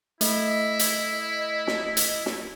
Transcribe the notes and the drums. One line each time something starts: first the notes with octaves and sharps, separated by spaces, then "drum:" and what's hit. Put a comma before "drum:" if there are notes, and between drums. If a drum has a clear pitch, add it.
A3 E4 D#5, drum: hi-hat
drum: hi-hat
drum: snare
drum: hi-hat
drum: snare